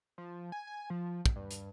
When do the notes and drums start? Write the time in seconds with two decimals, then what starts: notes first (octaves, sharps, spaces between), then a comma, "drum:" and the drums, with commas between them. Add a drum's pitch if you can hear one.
0.18 F3
0.52 G#5
0.67 G#5
0.90 F3
1.26 drum: kick
1.36 G2
1.51 drum: hi-hat